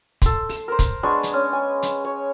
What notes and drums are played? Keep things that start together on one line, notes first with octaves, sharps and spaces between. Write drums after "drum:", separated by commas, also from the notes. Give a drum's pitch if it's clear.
A4 C6, drum: kick, hi-hat
drum: open hi-hat
A#4 C5
drum: kick, hi-hat
G#3 B3 D4 C#6
drum: hi-hat
C#4
G#5
drum: hi-hat
C#5